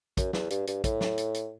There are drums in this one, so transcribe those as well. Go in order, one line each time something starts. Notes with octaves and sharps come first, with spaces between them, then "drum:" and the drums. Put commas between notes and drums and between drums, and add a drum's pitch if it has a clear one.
F#2, drum: kick, hi-hat
E2, drum: snare
G2, drum: hi-hat
G2, drum: hi-hat
A2, drum: kick, hi-hat
drum: snare
drum: hi-hat
drum: hi-hat